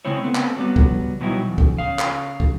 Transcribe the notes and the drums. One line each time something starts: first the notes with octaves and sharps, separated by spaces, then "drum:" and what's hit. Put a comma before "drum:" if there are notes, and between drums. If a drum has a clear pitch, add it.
C#3 G#3 C4 E4 C#5
A3 B3 C4
drum: clap
F#3 G3 B3
drum: kick
B2 F#3 G3 D#4 E4
E2
drum: kick
C#3 F5
drum: clap
drum: kick